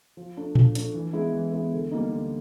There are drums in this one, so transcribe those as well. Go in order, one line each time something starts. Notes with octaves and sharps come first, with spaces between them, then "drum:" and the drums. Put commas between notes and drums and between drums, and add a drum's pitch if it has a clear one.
F3
A3 D4
F3, drum: tom A#2
A3 D4, drum: hi-hat
E3
G#3 B3 E4
E3
G#3 B3 E4
D3
G3 A#3 D#4
D3